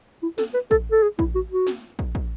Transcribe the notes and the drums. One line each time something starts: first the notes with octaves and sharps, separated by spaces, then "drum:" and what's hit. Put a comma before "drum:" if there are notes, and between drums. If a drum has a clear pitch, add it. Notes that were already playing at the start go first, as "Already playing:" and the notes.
E4
A4, drum: snare
B4
A4, drum: kick
A4
G#4
E4, drum: kick
F#4
F#4
drum: snare
drum: kick
drum: kick